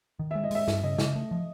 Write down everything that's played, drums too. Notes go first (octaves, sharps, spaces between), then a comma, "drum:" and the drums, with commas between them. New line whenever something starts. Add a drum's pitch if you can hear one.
D#3
G#3 E5
D#5
G#3 E5, drum: open hi-hat
G2, drum: snare
C#3 D#5
C#3, drum: snare
A3
F3